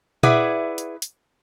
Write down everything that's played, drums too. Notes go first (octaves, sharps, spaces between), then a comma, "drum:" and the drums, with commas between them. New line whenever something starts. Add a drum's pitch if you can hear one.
E4 G#4 B4 D5 E5 F#5, drum: tom A#2
drum: hi-hat
drum: hi-hat